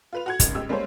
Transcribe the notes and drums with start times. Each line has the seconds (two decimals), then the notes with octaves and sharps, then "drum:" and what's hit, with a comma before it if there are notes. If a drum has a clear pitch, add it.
0.13 F4 B4 F7
0.26 F#4 F#5 G#6
0.40 G#1 C#2, drum: kick, hi-hat
0.55 C#2 G4 E6
0.69 G3 G#3 A#3 C#4 C5 C#5